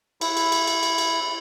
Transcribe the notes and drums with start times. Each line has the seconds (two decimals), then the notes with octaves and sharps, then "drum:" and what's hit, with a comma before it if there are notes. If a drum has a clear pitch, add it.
0.21 E4, drum: cymbal
0.37 drum: cymbal
0.52 drum: cymbal
0.67 drum: cymbal
0.83 drum: cymbal
0.98 drum: cymbal